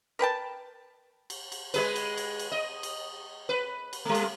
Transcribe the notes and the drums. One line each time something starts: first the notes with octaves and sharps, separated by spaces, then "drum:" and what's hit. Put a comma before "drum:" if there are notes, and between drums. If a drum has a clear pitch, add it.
A#4 B4 G5 A5
drum: cymbal
drum: cymbal
G#3 G#4 B4, drum: cymbal
drum: cymbal
drum: cymbal
drum: cymbal
D#5
drum: cymbal
B4
drum: cymbal
G3 A3
drum: cymbal